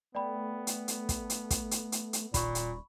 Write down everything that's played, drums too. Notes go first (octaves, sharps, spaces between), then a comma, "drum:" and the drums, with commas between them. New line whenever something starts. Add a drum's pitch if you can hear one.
A3 B3 D5 G5 B5
drum: hi-hat
drum: hi-hat
drum: kick, hi-hat
drum: hi-hat
drum: kick, hi-hat
drum: hi-hat
drum: hi-hat
drum: hi-hat
D#1 A#2 B5 C#6, drum: kick, hi-hat
drum: hi-hat